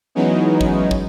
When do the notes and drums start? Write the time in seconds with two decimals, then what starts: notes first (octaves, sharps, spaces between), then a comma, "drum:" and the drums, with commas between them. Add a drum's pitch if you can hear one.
0.15 E3 F#3 G#3 B3 C#4 D#4
0.61 drum: kick
0.91 drum: kick